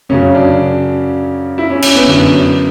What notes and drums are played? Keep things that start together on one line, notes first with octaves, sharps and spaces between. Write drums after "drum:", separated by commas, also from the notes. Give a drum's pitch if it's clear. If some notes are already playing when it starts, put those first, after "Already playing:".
F#2 C#3 F#3 C#4
D4
E4
C#4
C#4, drum: cymbal
B3
F#2 D3 F#3